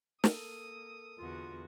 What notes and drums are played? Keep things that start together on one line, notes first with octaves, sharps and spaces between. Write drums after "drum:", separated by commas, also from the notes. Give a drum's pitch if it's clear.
A#3 A4 A#4 D#6 E6, drum: snare
E2 D3 F4 F#4